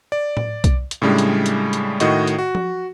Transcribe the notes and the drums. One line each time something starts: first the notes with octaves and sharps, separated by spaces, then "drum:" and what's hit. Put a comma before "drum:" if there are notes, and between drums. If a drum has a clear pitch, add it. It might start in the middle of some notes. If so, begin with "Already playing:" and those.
D5
drum: tom A2
drum: kick B1, hi-hat
drum: hi-hat
A2 C#3 G3 G#3 D4
drum: hi-hat
drum: hi-hat
drum: hi-hat
A2 D#3 F#4 D#5 C#6, drum: hi-hat
drum: hi-hat
F#4
drum: tom F3